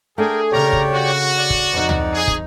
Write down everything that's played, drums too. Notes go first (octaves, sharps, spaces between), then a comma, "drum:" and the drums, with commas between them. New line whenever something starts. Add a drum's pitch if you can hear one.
A3 D4 G#4 A#4 G5
C#3 G4 A#4 C#5 D5 A#5
drum: kick
F#4
D5 F#5
drum: kick
F2 D#4
drum: tom C#2
G#4
drum: kick